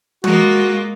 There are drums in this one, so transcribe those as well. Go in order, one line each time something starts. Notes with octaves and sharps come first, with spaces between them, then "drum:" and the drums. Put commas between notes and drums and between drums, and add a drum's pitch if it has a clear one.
G#3 A#3 F4 F#4, drum: tom